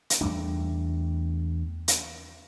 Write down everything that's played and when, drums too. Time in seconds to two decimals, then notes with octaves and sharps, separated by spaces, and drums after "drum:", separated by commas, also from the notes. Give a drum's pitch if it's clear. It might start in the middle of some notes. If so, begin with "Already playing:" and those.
0.10 drum: hi-hat
0.21 E2 G3 A3 D4
1.88 drum: hi-hat